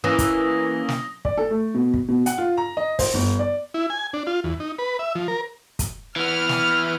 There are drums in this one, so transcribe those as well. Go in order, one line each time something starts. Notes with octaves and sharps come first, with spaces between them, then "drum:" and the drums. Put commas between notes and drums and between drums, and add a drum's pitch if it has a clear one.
E3 A#3 C#4 D#6 A#6 G7
drum: kick, hi-hat
drum: snare
D5, drum: kick
A4
A3
B2
drum: kick
B2
F#5, drum: hi-hat
F4
A#5
D#5
C5, drum: kick, open hi-hat
G1
D5
E4
G#5
D4
F4
E2
D#4
B4
E5
F3
A#4
drum: kick, hi-hat
E3 B3 F6
drum: snare